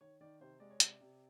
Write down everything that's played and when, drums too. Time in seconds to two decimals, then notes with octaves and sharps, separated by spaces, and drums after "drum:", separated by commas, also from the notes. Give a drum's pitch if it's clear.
0.01 D#3 C#5
0.21 D#3 D5
0.40 C3 C5
0.60 G#3 D5
0.71 C#5
0.80 C3 D5, drum: hi-hat
1.01 C3